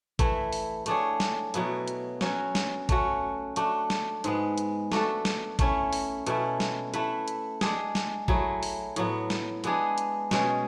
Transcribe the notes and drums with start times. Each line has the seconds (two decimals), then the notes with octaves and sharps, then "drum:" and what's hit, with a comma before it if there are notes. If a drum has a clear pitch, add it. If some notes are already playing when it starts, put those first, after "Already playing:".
0.19 E3 A3 E4, drum: kick A1, hi-hat
0.53 drum: open hi-hat
0.86 A3 D4 G#4 C#5, drum: hi-hat
1.20 drum: snare
1.54 B2 F#3 B3 E4, drum: hi-hat
1.88 drum: hi-hat
2.21 F#3 C#4 F#4, drum: snare
2.55 drum: snare
2.89 A3 C#4 F#4, drum: kick A1, hi-hat
3.56 A3 D4 F#4, drum: hi-hat
3.90 drum: snare
4.24 G#2 G#3 B3, drum: hi-hat
4.58 drum: hi-hat
4.92 A3 D4 F#4 A4, drum: snare
5.25 drum: snare
5.59 A3 C#4 E4, drum: kick A1, hi-hat
5.93 drum: open hi-hat
6.27 B2 A3 C#4 E4, drum: hi-hat
6.60 drum: snare
6.94 A3 E4 B4, drum: hi-hat
7.28 drum: hi-hat
7.61 G#3 D4 G#4, drum: snare
7.95 drum: snare
8.28 F#3 A3 E4 G#4, drum: kick A1
8.63 drum: open hi-hat
8.96 A2 F#3 B3, drum: hi-hat
9.30 drum: snare
9.64 G#3 B3 D4 G#4, drum: hi-hat
9.98 drum: hi-hat
10.31 B2 G#3 C#4 G#4, drum: snare